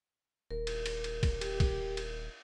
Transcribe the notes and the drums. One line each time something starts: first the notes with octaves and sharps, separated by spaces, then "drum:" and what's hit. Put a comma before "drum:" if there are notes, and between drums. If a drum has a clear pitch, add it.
D#1 A#4
drum: cymbal
drum: cymbal
drum: cymbal
drum: kick, cymbal
G4, drum: cymbal
drum: kick, cymbal
drum: cymbal